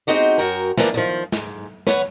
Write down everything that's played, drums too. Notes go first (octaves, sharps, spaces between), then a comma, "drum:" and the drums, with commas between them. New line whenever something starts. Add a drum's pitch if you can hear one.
G#3 A#3 C4 D#4 F#4 G4
F#2 F#4 A#4 G5
E3 F3 A#3 B3 D4, drum: snare
D3 D#3 F3
G#2, drum: snare
B4 C#5 F#5, drum: snare